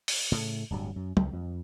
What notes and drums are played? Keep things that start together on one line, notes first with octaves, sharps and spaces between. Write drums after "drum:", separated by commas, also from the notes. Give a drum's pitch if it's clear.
drum: open hi-hat
A2 C#3 A3
D1 G2 F#3
F#2
C#2, drum: tom
F2